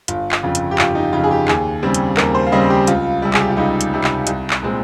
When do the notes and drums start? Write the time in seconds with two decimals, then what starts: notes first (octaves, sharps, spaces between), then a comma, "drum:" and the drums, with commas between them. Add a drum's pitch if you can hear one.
0.08 G1 F4, drum: hi-hat
0.32 drum: clap
0.43 F2 C#3 F4
0.55 drum: hi-hat
0.71 G4
0.78 G1 F4, drum: clap
0.95 D#4
1.13 F2 C#3 F4
1.24 G#4
1.31 G4
1.48 D#2 G#4, drum: clap
1.83 C#3 G3 C4
1.94 drum: hi-hat
2.17 D#2 A#4, drum: clap
2.35 C5
2.47 F5
2.52 C#3 G3 C4 D#5
2.70 G4
2.87 C#2 F4, drum: hi-hat
3.22 C3 G3
3.34 G#4, drum: clap
3.41 G4
3.50 F4
3.57 C#2 D#4
3.81 drum: hi-hat
3.93 C3 G3
4.04 drum: clap
4.27 C2, drum: hi-hat
4.50 drum: clap
4.63 A#2 G#3 C4